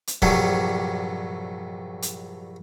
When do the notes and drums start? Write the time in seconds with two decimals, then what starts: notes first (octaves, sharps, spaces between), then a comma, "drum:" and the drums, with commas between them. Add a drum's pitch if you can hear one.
0.07 drum: hi-hat
0.22 A#1 G2 C3 F#3 A3, drum: kick
2.02 drum: hi-hat